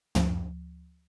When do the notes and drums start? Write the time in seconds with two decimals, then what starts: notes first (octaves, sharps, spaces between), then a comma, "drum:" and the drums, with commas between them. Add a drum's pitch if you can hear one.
0.15 D2 F3, drum: tom